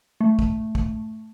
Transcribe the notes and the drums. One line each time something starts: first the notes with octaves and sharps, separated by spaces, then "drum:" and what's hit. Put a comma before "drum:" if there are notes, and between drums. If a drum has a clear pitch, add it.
A3
drum: kick
drum: kick